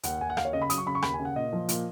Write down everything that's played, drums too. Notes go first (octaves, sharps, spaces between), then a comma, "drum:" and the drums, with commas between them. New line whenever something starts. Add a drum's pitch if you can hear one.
D#2 F#5, drum: hi-hat
D#2 G#5
F#5
D#2 F5, drum: rim click
C#5
C#3 D#5
B5
F#3 D#6, drum: hi-hat
C#6
C#3 B5
C#6
D#2 B5, drum: rim click
G#5
C#3
F#5
A#2 D#5
F3
A#2, drum: hi-hat